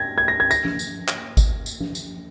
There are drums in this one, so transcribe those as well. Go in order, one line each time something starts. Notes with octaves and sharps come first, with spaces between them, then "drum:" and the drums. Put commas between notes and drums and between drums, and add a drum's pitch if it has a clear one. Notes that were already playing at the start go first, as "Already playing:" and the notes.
Already playing: G#6 A#6
G#6
A#6
G#6
A#6, drum: tambourine
drum: tom
drum: tambourine
drum: clap
drum: kick G#1, tambourine
drum: tambourine
drum: tom
drum: tambourine